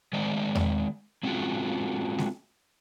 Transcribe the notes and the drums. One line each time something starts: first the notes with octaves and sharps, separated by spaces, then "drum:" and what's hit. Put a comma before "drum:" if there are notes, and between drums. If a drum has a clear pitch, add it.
D#3 G#3 C5 D5 D#5
drum: tom E2
G#3 C4 C#4 D#4 F4 F#4
drum: snare G#3